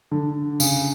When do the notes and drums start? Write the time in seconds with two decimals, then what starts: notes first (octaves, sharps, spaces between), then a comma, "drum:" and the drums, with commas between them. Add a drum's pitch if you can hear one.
0.11 D3
0.60 C#3, drum: tambourine